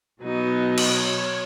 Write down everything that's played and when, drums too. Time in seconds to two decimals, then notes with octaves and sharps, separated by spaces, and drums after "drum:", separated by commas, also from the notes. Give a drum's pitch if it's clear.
0.22 B2 F#3 B3 D#4
0.78 drum: cymbal
0.90 C#5